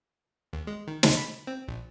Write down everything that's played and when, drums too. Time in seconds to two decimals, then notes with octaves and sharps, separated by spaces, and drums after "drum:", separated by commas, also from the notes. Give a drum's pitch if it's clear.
0.53 D#2
0.67 G#3
0.88 D#3
1.03 G#3, drum: snare
1.17 B5
1.47 C4
1.68 A#1